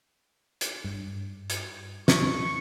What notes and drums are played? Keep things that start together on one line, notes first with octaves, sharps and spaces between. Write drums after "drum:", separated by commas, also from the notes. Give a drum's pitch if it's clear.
drum: hi-hat
G2
drum: hi-hat
C#6, drum: snare